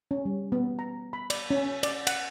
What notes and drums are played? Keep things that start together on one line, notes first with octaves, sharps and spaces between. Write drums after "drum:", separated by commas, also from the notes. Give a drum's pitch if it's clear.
C#4
G3
B3
A#5
B5
D5, drum: cymbal
C#4
D5, drum: cymbal
F#5, drum: cymbal